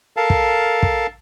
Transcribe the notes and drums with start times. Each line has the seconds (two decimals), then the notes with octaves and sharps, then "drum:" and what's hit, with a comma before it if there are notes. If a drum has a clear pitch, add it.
0.17 A4 A#4 F5 A5
0.30 drum: kick
0.83 drum: kick